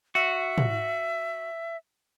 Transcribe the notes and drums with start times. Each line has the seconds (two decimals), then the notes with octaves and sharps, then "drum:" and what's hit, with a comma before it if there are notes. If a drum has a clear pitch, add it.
0.15 F#4 E5
0.58 drum: tom